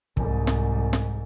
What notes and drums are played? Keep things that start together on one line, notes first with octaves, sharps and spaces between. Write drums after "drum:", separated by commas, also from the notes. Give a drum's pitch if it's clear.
C2 G#2, drum: kick
drum: snare
drum: snare